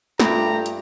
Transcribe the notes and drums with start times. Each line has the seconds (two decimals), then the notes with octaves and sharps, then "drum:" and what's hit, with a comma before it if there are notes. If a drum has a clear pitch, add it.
0.20 G2 A3 F4 G4 A#5 B5, drum: snare
0.66 drum: hi-hat